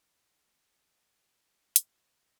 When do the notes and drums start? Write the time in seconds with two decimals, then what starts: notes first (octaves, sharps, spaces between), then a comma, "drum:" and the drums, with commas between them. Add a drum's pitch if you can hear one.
0.24 D#4
0.47 C#4
0.68 C#4
0.91 D#4
1.57 D#4
1.76 drum: hi-hat
1.91 F#4
2.24 D#4